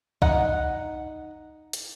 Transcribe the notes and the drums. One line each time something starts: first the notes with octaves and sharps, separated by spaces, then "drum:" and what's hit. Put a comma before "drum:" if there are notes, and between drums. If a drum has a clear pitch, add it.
D#4 F#5, drum: kick A#1
drum: hi-hat